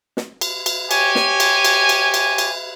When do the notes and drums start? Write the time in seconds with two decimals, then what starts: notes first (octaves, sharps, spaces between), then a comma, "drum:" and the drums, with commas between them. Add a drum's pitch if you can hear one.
0.17 drum: snare
0.41 drum: cymbal
0.66 drum: cymbal
0.91 G4 C#5 G#5, drum: cymbal
1.15 drum: snare
1.40 drum: cymbal
1.65 drum: cymbal
1.89 drum: cymbal
2.14 drum: cymbal
2.38 drum: cymbal